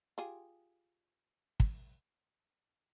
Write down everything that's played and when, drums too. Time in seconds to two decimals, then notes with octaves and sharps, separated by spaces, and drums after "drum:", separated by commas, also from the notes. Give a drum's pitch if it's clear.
0.18 F4 G4 G#4
1.60 drum: kick